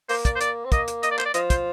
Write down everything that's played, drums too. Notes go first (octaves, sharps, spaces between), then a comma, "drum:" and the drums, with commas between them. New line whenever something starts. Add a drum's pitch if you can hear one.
A#3 C5, drum: open hi-hat
D5, drum: kick, hi-hat
C5
D5, drum: hi-hat
C4
A#3 D#5, drum: kick, hi-hat
drum: hi-hat
D#5, drum: hi-hat
D5
C5, drum: clap
D5
F3 D#5, drum: hi-hat
C5, drum: kick, hi-hat